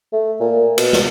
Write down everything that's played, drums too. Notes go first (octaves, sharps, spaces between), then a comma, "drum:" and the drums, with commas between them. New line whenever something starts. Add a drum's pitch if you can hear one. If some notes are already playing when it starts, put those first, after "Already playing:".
A3
A#2
B2, drum: cymbal
drum: snare